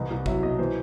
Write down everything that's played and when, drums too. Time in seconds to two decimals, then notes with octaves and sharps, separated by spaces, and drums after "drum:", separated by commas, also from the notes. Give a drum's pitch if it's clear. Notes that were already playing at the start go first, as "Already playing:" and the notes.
Already playing: C2 E3 D#5
0.10 C2
0.26 F#3 E5, drum: kick G#1
0.43 B2 D#5
0.59 E3 C5